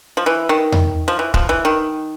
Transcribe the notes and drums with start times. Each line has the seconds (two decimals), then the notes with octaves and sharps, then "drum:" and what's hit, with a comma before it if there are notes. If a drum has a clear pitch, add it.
0.17 F3
0.26 E3
0.49 D#3
0.72 drum: tom E2
1.08 F3
1.19 E3
1.34 F3, drum: kick D1
1.49 E3
1.65 D#3